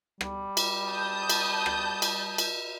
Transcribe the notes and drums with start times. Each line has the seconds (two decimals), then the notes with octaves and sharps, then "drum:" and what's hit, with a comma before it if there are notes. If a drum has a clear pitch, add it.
0.21 G3, drum: rim click
0.57 drum: cymbal
0.88 A5 D#6 G6
1.30 drum: cymbal
1.66 drum: rim click
2.02 drum: cymbal
2.38 drum: cymbal